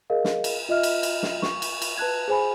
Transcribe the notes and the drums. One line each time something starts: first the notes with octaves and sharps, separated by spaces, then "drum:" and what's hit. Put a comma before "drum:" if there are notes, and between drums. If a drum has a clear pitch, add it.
G#4 A#4 D#5 F5
drum: snare
drum: cymbal
F4 D#5 E5 F6
drum: cymbal
drum: cymbal
drum: snare
C#6, drum: snare
drum: cymbal
drum: cymbal
B4 A5 F#6 G#6
G#4 C5 G#5 B5